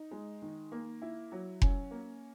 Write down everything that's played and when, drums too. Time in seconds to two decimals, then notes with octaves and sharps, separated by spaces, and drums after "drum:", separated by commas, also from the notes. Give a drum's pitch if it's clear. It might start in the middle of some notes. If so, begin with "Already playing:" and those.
Already playing: D#4
0.11 G#3
0.42 D#3
0.72 A#3
1.02 E4
1.32 F#3
1.62 C#4, drum: kick F1
1.91 A#3